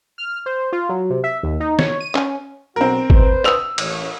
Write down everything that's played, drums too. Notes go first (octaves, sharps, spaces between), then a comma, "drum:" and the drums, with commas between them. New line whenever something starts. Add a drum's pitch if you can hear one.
F6
C5
F4
F#3
C3
E5
D#2
D#4
C#5, drum: snare
D#7
C#4, drum: clap
B1 B2 C4 F#4 A#4
B4 C5, drum: kick G#1
D#6 E6 F7, drum: clap
A1 C#5, drum: cymbal